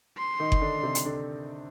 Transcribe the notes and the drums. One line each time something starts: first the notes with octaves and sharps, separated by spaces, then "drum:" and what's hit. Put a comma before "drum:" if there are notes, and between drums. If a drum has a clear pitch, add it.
C6
D#3 D#4
drum: kick F#1
D3 D4
D4
C3 C4
drum: hi-hat
D3 D4